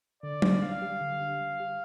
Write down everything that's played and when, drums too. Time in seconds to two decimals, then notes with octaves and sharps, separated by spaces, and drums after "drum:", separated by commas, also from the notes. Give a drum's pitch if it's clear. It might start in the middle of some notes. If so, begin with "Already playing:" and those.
0.23 D3 D5
0.42 D4, drum: tom F#3
0.62 G3 F5
0.82 G4
1.01 D3
1.21 D4
1.41 G3
1.60 G4